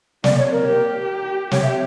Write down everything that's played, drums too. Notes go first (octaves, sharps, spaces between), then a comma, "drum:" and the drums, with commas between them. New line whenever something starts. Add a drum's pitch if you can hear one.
A#3 D5, drum: snare
C#5
A#4
G4
G4 C#5, drum: snare
E5